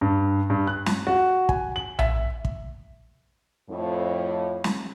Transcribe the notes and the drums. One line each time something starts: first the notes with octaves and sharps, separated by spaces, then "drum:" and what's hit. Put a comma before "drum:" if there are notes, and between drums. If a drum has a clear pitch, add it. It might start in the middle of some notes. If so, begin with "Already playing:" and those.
G2
G2
F#6
drum: snare
F#4
G#5, drum: kick
F#7
E5, drum: tom A#1
drum: kick
F2 A2
drum: snare